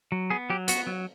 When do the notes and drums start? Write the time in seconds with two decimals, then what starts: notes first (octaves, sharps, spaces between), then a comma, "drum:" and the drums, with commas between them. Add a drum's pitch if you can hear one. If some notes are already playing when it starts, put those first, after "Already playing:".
0.12 F#3
0.30 B3 G#4
0.50 F#3 G4
0.68 B3 F#4, drum: hi-hat
0.87 F#3